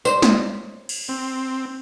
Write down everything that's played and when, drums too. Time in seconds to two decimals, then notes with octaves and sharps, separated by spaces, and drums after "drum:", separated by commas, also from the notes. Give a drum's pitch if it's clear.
0.05 C5, drum: tambourine
0.22 drum: snare
0.89 drum: cymbal
1.09 C4